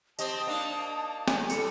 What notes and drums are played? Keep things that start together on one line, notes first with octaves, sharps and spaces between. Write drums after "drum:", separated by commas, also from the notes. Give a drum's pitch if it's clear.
C4 G4 D#5 A5 D#6, drum: tambourine
A#3 D4 D#4
drum: snare
A2 G3 A4 C#7, drum: tambourine